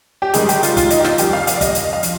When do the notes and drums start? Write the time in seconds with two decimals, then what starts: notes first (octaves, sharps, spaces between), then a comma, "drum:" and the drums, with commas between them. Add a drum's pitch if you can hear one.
0.22 G4
0.34 G#2 D#3 G3 G#4, drum: hi-hat
0.49 G4, drum: hi-hat
0.63 F4, drum: hi-hat
0.77 F4, drum: kick, hi-hat
0.90 D#4, drum: hi-hat
1.00 G4
1.04 F4, drum: snare
1.18 F2 D#3 G3 G4, drum: hi-hat
1.33 F5
1.47 F5, drum: hi-hat
1.56 D5
1.61 D#5, drum: kick, hi-hat
1.75 drum: hi-hat
1.93 F5
2.03 F3, drum: hi-hat